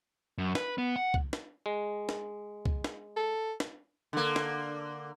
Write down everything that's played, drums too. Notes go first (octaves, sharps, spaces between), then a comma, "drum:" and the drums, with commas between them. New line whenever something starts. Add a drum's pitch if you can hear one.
F#2
B4, drum: snare
B3
F#5
drum: kick C2
drum: snare
G#3
drum: snare
drum: kick C2
drum: snare
A4
drum: snare
D3 A#3
drum: snare